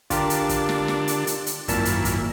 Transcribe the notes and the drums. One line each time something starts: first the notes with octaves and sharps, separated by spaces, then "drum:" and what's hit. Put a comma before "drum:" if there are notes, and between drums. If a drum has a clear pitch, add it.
D3 D4 F4 G4 A#4, drum: kick, hi-hat
drum: hi-hat
drum: kick, hi-hat
drum: snare
drum: snare
drum: hi-hat
drum: hi-hat
drum: hi-hat
G#1 F#2 A#2 A#3 E4 A5, drum: kick, hi-hat
drum: hi-hat
drum: kick, hi-hat